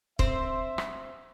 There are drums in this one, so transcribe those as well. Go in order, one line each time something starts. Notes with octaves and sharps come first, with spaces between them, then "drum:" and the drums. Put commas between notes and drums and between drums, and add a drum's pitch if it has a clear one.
C4 C5 E5, drum: kick
drum: rim click